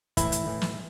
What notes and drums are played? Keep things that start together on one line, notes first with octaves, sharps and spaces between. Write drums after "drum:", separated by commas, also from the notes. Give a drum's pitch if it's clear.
A2 E3 E4, drum: kick, hi-hat
drum: hi-hat
A2 E3
drum: snare